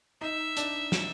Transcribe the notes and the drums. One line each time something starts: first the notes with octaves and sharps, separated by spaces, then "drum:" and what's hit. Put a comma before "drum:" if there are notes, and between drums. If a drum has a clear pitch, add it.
D#4 E5
D4, drum: hi-hat
drum: snare